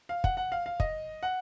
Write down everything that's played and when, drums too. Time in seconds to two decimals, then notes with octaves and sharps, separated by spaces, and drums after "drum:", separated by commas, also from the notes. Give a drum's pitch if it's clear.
0.09 F5
0.24 F#5, drum: kick
0.37 F#5
0.52 F5
0.66 F5
0.80 D#5, drum: kick
1.23 F#5